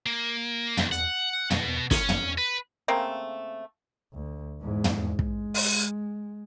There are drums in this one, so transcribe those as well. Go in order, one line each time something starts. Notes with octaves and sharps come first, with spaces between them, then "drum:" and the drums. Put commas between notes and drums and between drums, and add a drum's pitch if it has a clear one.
A#3
C2, drum: tom
F#5, drum: hi-hat
B2, drum: tom
C#4, drum: snare
drum: tom
B4
C#3 A3 A#3 C4
D2
E2 G#2
drum: tom
G#3, drum: kick
drum: open hi-hat